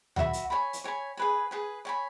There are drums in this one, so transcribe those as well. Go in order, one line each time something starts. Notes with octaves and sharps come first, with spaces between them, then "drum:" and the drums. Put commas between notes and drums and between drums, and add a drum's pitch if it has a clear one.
F#4 E5 B5, drum: tom D2
drum: hi-hat
C#5 G#5 B5
drum: hi-hat
C#5 G#5 B5
G#4 B4 G#5
G#4 B4 G#5
C#5 G#5 B5